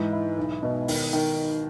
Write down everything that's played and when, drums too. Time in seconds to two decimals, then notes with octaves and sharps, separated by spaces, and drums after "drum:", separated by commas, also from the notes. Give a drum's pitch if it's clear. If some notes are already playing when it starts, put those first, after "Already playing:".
Already playing: G#2 E3
0.13 E4
0.37 B1
0.63 B2
0.88 D#3, drum: open hi-hat
1.13 D#3